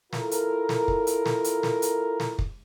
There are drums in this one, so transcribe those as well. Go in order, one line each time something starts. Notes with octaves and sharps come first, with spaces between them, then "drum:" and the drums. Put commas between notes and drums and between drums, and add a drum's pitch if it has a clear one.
E4 F4 A4 A#4, drum: snare
drum: hi-hat
drum: snare
drum: kick
drum: hi-hat
drum: snare
drum: hi-hat
drum: snare
drum: hi-hat
drum: snare
drum: kick